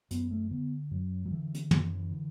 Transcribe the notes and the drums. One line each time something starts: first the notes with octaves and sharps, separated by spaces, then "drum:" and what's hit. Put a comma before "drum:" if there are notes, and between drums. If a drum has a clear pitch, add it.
F#2 B3, drum: hi-hat
A3
D3 B3
F#2 F#3
F#3
D3 E3
drum: hi-hat
F#2 E3, drum: tom
D3